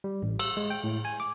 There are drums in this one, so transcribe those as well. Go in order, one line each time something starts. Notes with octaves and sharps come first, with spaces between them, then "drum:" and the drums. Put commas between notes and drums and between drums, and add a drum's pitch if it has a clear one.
G3
A1
E6, drum: cymbal
G#3
G5
A2
G#5
D6